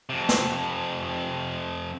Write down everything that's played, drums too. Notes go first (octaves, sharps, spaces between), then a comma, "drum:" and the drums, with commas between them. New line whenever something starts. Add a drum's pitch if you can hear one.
F2 C3
drum: snare